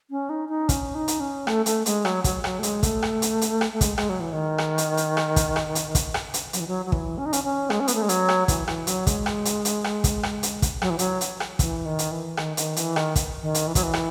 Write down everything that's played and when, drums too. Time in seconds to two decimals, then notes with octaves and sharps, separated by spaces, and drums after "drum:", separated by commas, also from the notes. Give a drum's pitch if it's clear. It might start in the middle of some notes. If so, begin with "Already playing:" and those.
0.11 C#4
0.29 D#4
0.49 D#4
0.69 C#4, drum: kick, hi-hat
0.95 D#4
1.08 drum: hi-hat
1.20 C#4
1.47 A3, drum: rim click
1.66 A3, drum: hi-hat
1.86 G#3, drum: hi-hat
2.05 F#3, drum: rim click
2.24 F#3, drum: kick, hi-hat
2.44 F#3, drum: rim click
2.59 A3
2.63 G#3, drum: hi-hat
2.83 A3, drum: kick, hi-hat
3.02 drum: rim click
3.22 drum: hi-hat
3.41 drum: hi-hat
3.61 drum: rim click
3.73 A3
3.81 G#3, drum: kick, hi-hat
3.98 G#3, drum: rim click
4.09 F#3
4.20 E3
4.32 D#3
4.58 drum: rim click
4.78 drum: hi-hat
4.97 drum: hi-hat
5.17 drum: rim click
5.36 drum: kick, hi-hat
5.56 drum: rim click
5.75 drum: hi-hat
5.95 drum: kick, hi-hat
6.14 drum: rim click
6.34 drum: hi-hat
6.53 F#3, drum: hi-hat
6.60 E3
6.68 F#3
6.86 F#3
6.92 E3, drum: kick
7.18 C#4
7.26 D#4
7.33 C#4, drum: hi-hat
7.44 C#4
7.70 G#3, drum: rim click
7.80 C#4
7.88 B3, drum: hi-hat
7.95 A3
8.02 G#3
8.09 F#3, drum: hi-hat
8.28 drum: rim click
8.48 E3, drum: kick, hi-hat
8.68 E3, drum: rim click
8.87 F#3, drum: hi-hat
9.07 G#3, drum: kick, hi-hat
9.26 drum: rim click
9.45 drum: hi-hat
9.65 drum: hi-hat
9.84 drum: rim click
10.04 drum: kick, hi-hat
10.23 drum: rim click
10.43 drum: hi-hat
10.62 drum: kick, hi-hat
10.82 F#3, drum: rim click
10.90 E3
10.99 F#3, drum: hi-hat
11.21 drum: hi-hat
11.40 drum: rim click
11.59 E3, drum: kick, hi-hat
11.86 D#3
11.99 drum: hi-hat
12.12 E3
12.37 D#3, drum: rim click
12.57 D#3, drum: hi-hat
12.76 E3, drum: hi-hat
12.96 D#3, drum: rim click
13.16 drum: kick, hi-hat
13.42 D#3
13.54 drum: hi-hat
13.67 E3
13.75 F#3, drum: kick, hi-hat
13.83 E3
13.93 drum: rim click